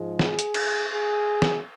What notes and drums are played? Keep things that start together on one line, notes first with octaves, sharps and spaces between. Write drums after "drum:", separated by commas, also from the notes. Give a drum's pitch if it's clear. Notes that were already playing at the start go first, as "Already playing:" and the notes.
Already playing: G#2 F3 G#3
G#4, drum: snare
drum: hi-hat
drum: cymbal
G#4
drum: snare